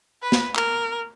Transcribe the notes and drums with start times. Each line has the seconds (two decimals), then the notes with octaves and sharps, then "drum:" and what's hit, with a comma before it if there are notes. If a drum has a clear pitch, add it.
0.23 B4
0.32 drum: snare
0.56 A#4, drum: clap